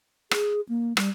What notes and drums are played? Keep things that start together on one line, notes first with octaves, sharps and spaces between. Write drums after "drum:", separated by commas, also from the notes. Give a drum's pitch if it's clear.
G#4, drum: rim click
A#3
G3, drum: rim click